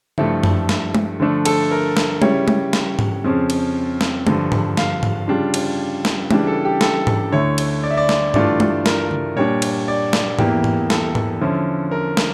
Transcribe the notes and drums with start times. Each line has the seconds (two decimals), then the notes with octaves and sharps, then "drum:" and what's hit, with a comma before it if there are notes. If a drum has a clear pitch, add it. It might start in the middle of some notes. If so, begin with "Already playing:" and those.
0.18 G2 F3 A3 E4 A4, drum: tom C#3
0.44 drum: tom F#2
0.69 drum: snare
0.95 drum: tom G#3
1.20 D3 F3 A3 D4
1.45 A4, drum: cymbal
1.71 A#4
1.97 drum: snare
2.22 C#3 G3 C#4 E4 C#5, drum: tom G#3
2.48 drum: tom G#3
2.73 drum: snare
2.99 drum: tom G#2
3.24 F2 C#3 F3 C#4
3.50 drum: cymbal
4.01 drum: snare
4.27 G2 D3 F3, drum: tom G#3
4.52 drum: tom G#2
4.77 F5, drum: snare
5.03 drum: tom G#2
5.28 C#3 G3 D4 F4
5.54 drum: cymbal
6.05 drum: snare
6.31 C#3 E3 G3 D4, drum: tom G#3
6.47 A4
6.65 G4
6.81 A4, drum: snare
7.07 drum: tom G#2
7.32 D2 D3 A3 E4 C#5
7.58 drum: cymbal
7.83 D5
7.91 E5
7.97 D5
8.09 drum: snare
8.34 G2 E3 A3 D4 F4 D5, drum: tom G#2
8.60 drum: tom G#3
8.86 A#4, drum: snare
9.11 drum: tom C#3
9.36 A#2 G3 D4 C#5
9.62 drum: cymbal
9.88 D5
10.13 drum: snare
10.39 E2 E3 A#3 G4, drum: tom G#2
10.64 drum: tom G#2
10.90 A4, drum: snare
11.15 drum: tom G#2
11.41 D3 F3 C#4 E4
11.91 A#4
12.17 drum: snare